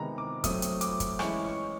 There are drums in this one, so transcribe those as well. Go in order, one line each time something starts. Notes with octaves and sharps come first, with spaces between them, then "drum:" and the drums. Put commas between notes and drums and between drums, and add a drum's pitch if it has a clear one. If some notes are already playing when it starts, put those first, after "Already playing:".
Already playing: C3 D#3 G#3 B3 A#5
D6
F#3 A3 C4 D#6, drum: kick, hi-hat
drum: hi-hat
D6, drum: hi-hat
drum: kick, hi-hat
E3 G#3 C#4 E4 C#6, drum: rim click
C#6